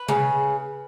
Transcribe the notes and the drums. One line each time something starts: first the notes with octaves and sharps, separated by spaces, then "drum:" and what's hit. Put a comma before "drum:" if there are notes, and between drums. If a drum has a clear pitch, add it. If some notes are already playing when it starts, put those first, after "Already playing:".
Already playing: B4
C#3, drum: tom C3